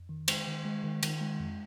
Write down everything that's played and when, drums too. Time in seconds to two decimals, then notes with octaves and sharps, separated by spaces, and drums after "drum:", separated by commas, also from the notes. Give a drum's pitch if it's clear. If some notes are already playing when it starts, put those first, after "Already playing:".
Already playing: F2
0.09 D#3
0.28 G#3 C5, drum: cymbal
0.47 D#3
0.65 G#3
0.84 D#3
1.03 D#3, drum: cymbal
1.21 G#3
1.40 F2